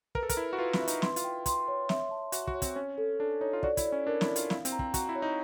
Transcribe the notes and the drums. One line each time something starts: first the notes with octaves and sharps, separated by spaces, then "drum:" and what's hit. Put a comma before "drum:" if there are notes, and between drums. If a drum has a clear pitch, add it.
A#4 B4, drum: kick
A4
A#4, drum: kick, hi-hat
E4 B4
F#4
F4 B4
E4, drum: snare
E5
D#4, drum: hi-hat
E4 C6, drum: snare
F4, drum: hi-hat
G5
C6, drum: kick, hi-hat
C#5
E5, drum: snare
A5
F#4 E5, drum: hi-hat
F#4, drum: kick
C#5
C4, drum: kick, hi-hat
C#4 C#5
A4
D4 A4
D#4 C#5
F4
F#4 D5, drum: kick
E4, drum: kick, hi-hat
D5
C#4
D4 A#4
E4, drum: snare
D5
F4, drum: hi-hat
E4 F5, drum: snare
C4, drum: hi-hat
A#5
C4, drum: kick
F#4 A#5, drum: kick, hi-hat
E4
C#5
D#4